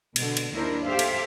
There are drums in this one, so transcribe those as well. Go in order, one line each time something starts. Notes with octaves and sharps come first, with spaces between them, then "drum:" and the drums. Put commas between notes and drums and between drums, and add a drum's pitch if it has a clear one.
B2 D3, drum: cymbal
drum: cymbal
D#2 D4 E4 A#4 C5
G4 A4 C5 E5 F5
drum: cymbal